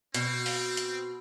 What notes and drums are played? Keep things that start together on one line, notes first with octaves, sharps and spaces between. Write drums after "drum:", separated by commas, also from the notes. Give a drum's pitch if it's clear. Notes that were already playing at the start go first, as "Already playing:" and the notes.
B2 C4, drum: hi-hat
drum: open hi-hat
drum: hi-hat